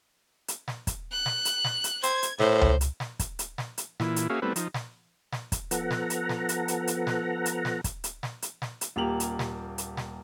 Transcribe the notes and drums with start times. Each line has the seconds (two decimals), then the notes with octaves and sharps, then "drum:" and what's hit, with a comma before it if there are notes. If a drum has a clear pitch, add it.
0.48 drum: hi-hat
0.68 drum: snare
0.87 drum: kick, hi-hat
1.12 F#6
1.26 drum: snare
1.45 drum: hi-hat
1.65 drum: snare
1.84 drum: hi-hat
2.03 C5 G#6, drum: hi-hat
2.23 drum: hi-hat
2.40 A2 C5, drum: snare
2.61 drum: tom C#2
2.81 drum: hi-hat
3.00 drum: snare
3.19 drum: kick, hi-hat
3.39 drum: hi-hat
3.58 drum: snare
3.78 drum: hi-hat
4.00 A#2 E3 E4, drum: snare
4.16 drum: hi-hat
4.30 A#3 C#4 F#4 G#4 E5 F5
4.42 G3 A3 B3 C4 E4 B4
4.56 F3 D#4, drum: hi-hat
4.74 drum: snare
5.33 drum: snare
5.52 drum: kick, hi-hat
5.71 F3 B3 A4 F#5 A#5, drum: hi-hat
5.91 drum: snare
6.10 drum: hi-hat
6.29 drum: snare
6.49 drum: hi-hat
6.68 drum: hi-hat
6.87 drum: hi-hat
7.07 drum: snare
7.46 drum: hi-hat
7.65 drum: snare
7.84 drum: kick, hi-hat
8.04 drum: hi-hat
8.23 drum: snare
8.42 drum: hi-hat
8.62 drum: snare
8.81 drum: hi-hat
8.96 D#1 A#3 G4 F7 F#7
9.20 drum: hi-hat
9.39 drum: snare
9.78 drum: hi-hat
9.97 drum: snare